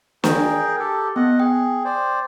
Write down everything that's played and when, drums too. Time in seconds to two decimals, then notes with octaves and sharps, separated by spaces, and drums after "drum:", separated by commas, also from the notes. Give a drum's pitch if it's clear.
0.24 G#4 A#4 G5, drum: snare
0.79 G4 A4
1.16 B3 D#5 F#5
1.40 G#4 G5
1.85 C5 D5